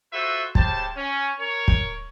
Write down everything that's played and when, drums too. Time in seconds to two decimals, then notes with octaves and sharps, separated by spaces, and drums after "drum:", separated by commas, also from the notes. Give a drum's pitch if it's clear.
0.13 F4 F#4 A4 B4 C5 E5
0.55 C#3 G4 C5 A5, drum: kick
0.96 C#4
1.39 A#4 C#5
1.68 drum: kick